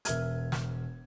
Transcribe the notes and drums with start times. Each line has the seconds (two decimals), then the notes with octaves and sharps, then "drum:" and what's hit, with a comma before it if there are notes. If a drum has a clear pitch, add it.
0.05 E1 A#4 E5 F6 G#6, drum: hi-hat
0.52 drum: snare